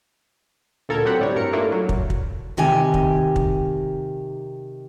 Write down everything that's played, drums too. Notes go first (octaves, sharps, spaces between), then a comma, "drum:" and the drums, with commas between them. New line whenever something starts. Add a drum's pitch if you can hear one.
D2 A#2 A4 A#4 A#5 G#6
F#3 C4 G4 F#5 B5
A2 G3 C#5
G2 A#4 C#7
A3 A#3 D4 E4 F4
F#3
drum: kick
drum: kick
C3 D#3 G4 G#5
drum: kick
drum: kick